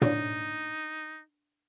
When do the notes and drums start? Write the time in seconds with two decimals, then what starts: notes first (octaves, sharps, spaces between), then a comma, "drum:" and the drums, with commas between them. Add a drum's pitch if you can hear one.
0.02 D4 D#4 C#5 D5, drum: tom